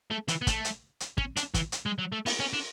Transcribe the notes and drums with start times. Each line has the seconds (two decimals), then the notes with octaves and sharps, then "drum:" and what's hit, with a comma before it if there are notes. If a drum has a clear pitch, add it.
0.11 A3
0.28 E3, drum: hi-hat
0.42 B3
0.47 A3, drum: kick, hi-hat
0.65 drum: hi-hat
1.00 drum: hi-hat
1.18 C#4, drum: kick
1.37 D4, drum: hi-hat
1.54 E3, drum: kick, hi-hat
1.72 drum: hi-hat
1.86 G#3
1.99 F#3
2.12 A3
2.26 B3, drum: open hi-hat
2.40 C#4
2.53 D4